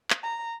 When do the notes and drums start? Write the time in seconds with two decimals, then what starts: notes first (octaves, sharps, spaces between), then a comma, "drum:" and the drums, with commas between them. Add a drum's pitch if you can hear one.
0.10 drum: clap
0.23 A#5